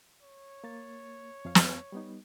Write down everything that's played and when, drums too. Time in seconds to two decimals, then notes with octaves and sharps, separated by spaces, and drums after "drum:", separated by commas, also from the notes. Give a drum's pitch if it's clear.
0.22 C#5
0.64 A#3 A6
1.45 F2 F3 F5
1.55 drum: snare
1.92 G3 B3 D#4